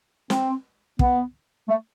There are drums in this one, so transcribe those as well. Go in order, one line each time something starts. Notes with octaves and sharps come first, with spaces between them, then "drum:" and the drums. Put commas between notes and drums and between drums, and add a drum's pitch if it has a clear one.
C4, drum: snare
B3, drum: kick
A3